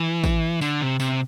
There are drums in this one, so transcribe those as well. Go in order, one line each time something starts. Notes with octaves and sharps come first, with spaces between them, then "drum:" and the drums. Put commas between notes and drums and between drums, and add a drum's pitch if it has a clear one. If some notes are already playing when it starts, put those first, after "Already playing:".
Already playing: E3
drum: kick A1, tambourine
D3, drum: tambourine
C3
C3, drum: tambourine